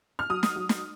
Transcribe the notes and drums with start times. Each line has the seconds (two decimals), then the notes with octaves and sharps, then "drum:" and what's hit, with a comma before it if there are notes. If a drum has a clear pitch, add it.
0.19 F6
0.30 F#3 D#6
0.43 drum: snare
0.56 F#3
0.69 drum: snare